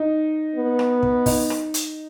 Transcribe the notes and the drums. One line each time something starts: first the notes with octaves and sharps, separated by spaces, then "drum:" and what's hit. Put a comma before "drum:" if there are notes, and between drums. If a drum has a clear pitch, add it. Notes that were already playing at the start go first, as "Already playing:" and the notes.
Already playing: D#4
B3
drum: rim click
drum: kick
D#4, drum: kick, open hi-hat
drum: rim click
drum: hi-hat